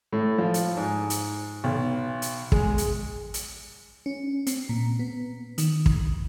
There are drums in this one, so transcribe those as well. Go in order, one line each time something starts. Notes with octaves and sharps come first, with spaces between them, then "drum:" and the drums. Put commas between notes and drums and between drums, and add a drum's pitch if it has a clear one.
A2
F3
drum: hi-hat
G#2
drum: hi-hat
B1
drum: hi-hat
G#3, drum: kick
drum: hi-hat
drum: hi-hat
C#4
C4, drum: hi-hat
A#2
B3
D#3, drum: hi-hat
drum: kick